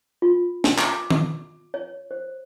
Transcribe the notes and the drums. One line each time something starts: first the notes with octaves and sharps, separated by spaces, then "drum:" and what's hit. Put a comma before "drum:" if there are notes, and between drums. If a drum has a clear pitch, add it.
F4
drum: snare
D6, drum: clap
drum: tom D#3
C#5
C5